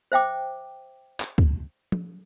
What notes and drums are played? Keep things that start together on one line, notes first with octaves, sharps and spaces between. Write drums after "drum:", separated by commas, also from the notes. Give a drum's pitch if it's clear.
C5 E5 G5 D6
drum: clap
drum: kick
drum: tom